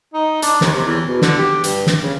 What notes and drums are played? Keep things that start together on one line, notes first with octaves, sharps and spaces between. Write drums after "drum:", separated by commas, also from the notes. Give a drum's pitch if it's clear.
D#4
D4, drum: hi-hat
D#2, drum: snare
C3
E2
B2
D3, drum: snare
G4
G2, drum: hi-hat
drum: snare
C#3